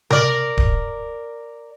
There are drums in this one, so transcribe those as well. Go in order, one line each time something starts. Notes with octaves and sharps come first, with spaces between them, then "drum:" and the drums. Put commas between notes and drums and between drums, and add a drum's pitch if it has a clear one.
A#4 D5, drum: tom C3
drum: kick D1